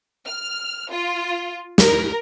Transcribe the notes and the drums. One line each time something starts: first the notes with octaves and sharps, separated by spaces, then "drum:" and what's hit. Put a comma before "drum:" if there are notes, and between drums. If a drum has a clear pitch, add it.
F6
F4
A#4, drum: snare